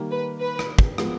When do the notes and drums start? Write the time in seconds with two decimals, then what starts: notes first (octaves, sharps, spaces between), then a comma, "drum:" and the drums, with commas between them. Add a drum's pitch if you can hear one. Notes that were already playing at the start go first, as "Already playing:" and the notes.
Already playing: D#3 G3 A#3
0.11 B4
0.40 B4
0.59 drum: rim click
0.79 drum: kick
0.98 F3 G#3 B3, drum: rim click